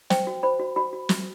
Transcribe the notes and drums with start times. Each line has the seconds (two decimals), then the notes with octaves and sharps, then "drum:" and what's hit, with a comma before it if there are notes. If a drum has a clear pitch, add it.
0.10 C5 G5, drum: snare
0.27 F#4
0.43 C5 B5
0.60 F#4
0.76 F#4 B5
0.93 F#4
1.09 F#4, drum: snare